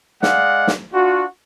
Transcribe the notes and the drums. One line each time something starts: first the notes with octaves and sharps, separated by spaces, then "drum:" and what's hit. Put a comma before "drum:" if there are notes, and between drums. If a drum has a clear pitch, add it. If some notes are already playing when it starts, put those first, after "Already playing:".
G#3 D5 D#5 F5 F#5, drum: snare
drum: snare
D4 F4 F#4